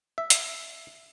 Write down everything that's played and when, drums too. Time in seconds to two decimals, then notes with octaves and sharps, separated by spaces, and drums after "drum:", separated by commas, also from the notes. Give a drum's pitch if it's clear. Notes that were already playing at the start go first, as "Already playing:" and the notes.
0.18 E5
0.30 drum: hi-hat